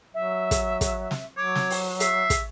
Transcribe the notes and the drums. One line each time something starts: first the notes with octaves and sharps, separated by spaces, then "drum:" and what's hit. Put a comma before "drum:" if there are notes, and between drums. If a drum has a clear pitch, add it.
F#3 E5
drum: kick, hi-hat
drum: kick, hi-hat
drum: snare
F#3 C#5 D6
drum: snare
drum: open hi-hat
E5 C7, drum: hi-hat
drum: kick, hi-hat